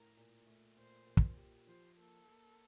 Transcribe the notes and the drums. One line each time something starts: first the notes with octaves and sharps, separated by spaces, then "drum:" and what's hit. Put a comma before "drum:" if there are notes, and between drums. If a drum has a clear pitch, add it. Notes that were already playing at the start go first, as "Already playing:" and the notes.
Already playing: A2 A#4
A#2
A3
A#2 C5
A#2
drum: kick
G4
F3 C5
A#3 A4
A#3